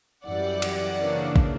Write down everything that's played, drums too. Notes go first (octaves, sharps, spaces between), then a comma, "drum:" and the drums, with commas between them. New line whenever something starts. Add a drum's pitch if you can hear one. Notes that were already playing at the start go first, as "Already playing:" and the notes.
F#2 E3 G3 D5 F#5
drum: cymbal
C#3 E3 A#3 D4
drum: kick